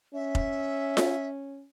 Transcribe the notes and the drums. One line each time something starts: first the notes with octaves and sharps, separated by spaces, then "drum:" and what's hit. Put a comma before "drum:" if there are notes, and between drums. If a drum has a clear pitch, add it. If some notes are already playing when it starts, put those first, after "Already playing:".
C#4 E5
drum: kick F1
drum: snare F4